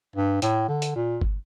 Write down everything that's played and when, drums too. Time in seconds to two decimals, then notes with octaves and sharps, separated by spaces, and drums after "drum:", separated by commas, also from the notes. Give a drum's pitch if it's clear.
0.16 G2
0.42 A2, drum: hi-hat
0.68 D3
0.82 drum: hi-hat
0.95 A#2
1.21 drum: kick G1